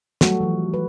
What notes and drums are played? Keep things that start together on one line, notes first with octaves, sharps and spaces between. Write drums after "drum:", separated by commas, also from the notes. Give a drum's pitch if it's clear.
F#3 G3 A3 F#4 A4, drum: snare
E3 F3
B4